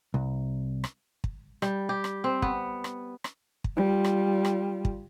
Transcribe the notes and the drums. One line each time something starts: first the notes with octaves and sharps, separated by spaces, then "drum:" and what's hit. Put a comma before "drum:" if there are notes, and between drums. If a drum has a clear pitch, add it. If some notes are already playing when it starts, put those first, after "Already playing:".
C2
drum: rim click
drum: kick
G3, drum: rim click
G4
drum: rim click
C4
B3, drum: kick
drum: rim click
drum: rim click
drum: kick
G3 F4
drum: rim click
drum: rim click
drum: kick